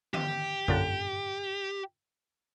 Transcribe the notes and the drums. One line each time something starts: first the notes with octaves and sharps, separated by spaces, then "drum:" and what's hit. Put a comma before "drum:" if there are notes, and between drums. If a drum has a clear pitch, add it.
G4, drum: tom D3
F#2 A#2 D3, drum: kick A#1